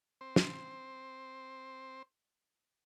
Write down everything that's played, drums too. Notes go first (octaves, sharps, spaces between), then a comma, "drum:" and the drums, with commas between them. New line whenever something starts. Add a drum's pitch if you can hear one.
C4 C5
drum: snare